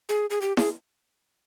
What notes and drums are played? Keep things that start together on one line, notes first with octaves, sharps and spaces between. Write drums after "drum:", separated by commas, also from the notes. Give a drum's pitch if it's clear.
G#4
G#4
G4
G#4, drum: snare E4